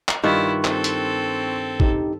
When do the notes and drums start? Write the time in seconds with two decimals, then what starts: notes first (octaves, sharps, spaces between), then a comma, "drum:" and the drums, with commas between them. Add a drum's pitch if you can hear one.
0.08 drum: clap
0.24 G2 D#3 E4 F4 C6 C#6 F#6
0.64 C4 A4, drum: clap
0.84 drum: hi-hat
1.80 D#4 G4, drum: kick